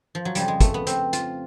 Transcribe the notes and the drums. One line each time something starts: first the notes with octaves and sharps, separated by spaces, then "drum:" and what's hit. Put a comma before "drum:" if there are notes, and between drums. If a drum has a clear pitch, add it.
F3
F#3
F2 C#3 F3 G3, drum: hi-hat
G#3
A3, drum: kick, hi-hat
B3
C4, drum: hi-hat
F4, drum: hi-hat